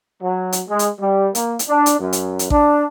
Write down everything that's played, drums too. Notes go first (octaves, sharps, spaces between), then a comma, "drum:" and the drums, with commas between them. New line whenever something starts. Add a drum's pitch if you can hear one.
F#3
drum: hi-hat
G#3
drum: hi-hat
G3
A#3, drum: hi-hat
drum: hi-hat
D4
drum: hi-hat
F#2
drum: hi-hat
drum: hi-hat
D4, drum: kick A1